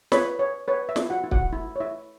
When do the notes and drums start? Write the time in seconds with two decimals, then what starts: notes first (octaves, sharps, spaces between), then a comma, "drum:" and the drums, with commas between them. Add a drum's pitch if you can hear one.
0.12 B4 C#5 B5, drum: snare
0.39 C#5
0.68 B4 C#5
0.89 E5
0.96 E4, drum: snare
1.10 F#4 F#5
1.24 E4
1.31 F#4 F#5, drum: kick
1.53 E4
1.76 C#5
1.80 E4 E5